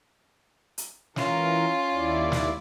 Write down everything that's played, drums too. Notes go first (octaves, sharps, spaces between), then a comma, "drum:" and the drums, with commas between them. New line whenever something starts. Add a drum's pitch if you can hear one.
drum: hi-hat
E3 C#4 F4 A#4, drum: snare
D#2 E4 D5
drum: snare